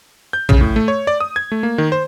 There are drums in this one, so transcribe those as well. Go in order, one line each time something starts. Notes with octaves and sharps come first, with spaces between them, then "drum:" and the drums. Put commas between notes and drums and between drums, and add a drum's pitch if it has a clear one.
G6
C#3, drum: tom
A2
A3
C#5
D5
D#6
G#6
A3
A#3
D#3
C5